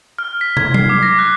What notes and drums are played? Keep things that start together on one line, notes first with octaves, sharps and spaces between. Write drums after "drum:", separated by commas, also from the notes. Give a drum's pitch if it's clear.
F6
B6
G#6, drum: tom
C7, drum: tom F#3
D6
A#6
F#6